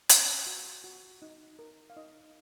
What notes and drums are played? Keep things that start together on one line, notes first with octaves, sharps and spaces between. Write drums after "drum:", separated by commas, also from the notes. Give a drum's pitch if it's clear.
C#4 D#5, drum: hi-hat
F#4
F#4
D#4
A#4
F5
D#4 D#5